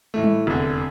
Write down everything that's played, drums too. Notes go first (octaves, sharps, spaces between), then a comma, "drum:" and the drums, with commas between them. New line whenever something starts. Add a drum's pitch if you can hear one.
A2 E3 A3
drum: tom G3
F1 E2 D3